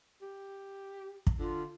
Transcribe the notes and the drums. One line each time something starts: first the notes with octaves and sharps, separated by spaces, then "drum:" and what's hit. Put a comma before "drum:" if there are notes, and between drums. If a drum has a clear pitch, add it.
G4
drum: kick
D3 F4